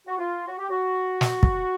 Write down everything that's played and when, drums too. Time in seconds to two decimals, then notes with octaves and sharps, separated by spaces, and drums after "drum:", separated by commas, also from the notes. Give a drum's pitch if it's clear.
0.07 F#4
0.18 F4
0.47 F#4
0.59 G4
0.70 F#4
1.21 drum: snare
1.43 drum: kick